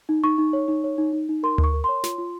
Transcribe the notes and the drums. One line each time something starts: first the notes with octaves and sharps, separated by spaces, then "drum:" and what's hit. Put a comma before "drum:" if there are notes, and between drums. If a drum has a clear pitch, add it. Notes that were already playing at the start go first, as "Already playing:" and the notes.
D#4
D#4 C#6
D#4
C#5
D#4
C#5
D#4
D#4
D#4
A#4 C6
A#4, drum: tom D2
C#6
A#4
C#5 C6
F4, drum: snare
F4